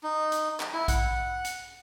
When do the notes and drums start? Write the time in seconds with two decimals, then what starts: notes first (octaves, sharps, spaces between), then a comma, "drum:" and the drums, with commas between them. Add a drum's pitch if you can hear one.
0.03 D#4
0.32 drum: hi-hat
0.60 drum: clap
0.73 E4
0.88 F#5, drum: kick A#1, hi-hat
1.45 drum: hi-hat